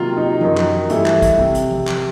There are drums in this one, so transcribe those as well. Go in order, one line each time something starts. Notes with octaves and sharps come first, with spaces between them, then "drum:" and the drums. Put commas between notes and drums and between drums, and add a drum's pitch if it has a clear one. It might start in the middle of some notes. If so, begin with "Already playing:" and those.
Already playing: C3 D#3 F#3 A#3 F4
D#4
F#2 D#3 F#3 D#4, drum: tom F3
drum: clap
G2 E3 A3 E4, drum: hi-hat
drum: clap
drum: kick, hi-hat
C3
drum: hi-hat
drum: tom F3
drum: clap